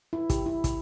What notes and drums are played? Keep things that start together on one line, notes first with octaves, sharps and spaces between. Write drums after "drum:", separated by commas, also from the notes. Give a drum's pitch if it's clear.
E4
G4, drum: kick, hi-hat
E4
drum: kick, hi-hat